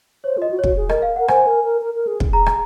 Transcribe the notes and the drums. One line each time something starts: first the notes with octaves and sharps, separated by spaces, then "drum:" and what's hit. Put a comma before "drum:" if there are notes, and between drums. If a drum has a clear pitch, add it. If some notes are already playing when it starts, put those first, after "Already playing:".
C5 C#5
F4 D#5
F#4
C#5
F#4, drum: kick
G#4
A#4 D#5, drum: rim click
F5
A#4 F#5
C5 G#5, drum: rim click
A#4
A#4
A#4
A#4
G#4
drum: kick
G#4 A#5
drum: rim click